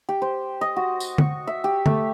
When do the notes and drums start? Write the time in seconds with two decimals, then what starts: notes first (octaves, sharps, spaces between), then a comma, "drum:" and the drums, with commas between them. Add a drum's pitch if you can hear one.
0.09 G4
0.22 C5
0.61 D#5
0.76 F#4
1.00 drum: tambourine
1.18 C#6, drum: tom
1.47 E5
1.64 G4
1.86 A3, drum: tom